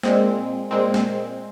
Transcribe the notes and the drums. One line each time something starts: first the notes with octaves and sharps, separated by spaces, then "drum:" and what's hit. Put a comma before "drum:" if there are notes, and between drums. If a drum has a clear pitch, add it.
A#2 G#3 C4, drum: snare
A#2 G#3 C4
drum: snare